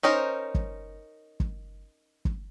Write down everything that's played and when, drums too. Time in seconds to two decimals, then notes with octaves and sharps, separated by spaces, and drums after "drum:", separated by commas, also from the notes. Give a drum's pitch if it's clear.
0.03 C#4 D#4 A#4 C5
0.55 drum: kick G1
1.40 drum: kick G1
2.25 drum: kick G1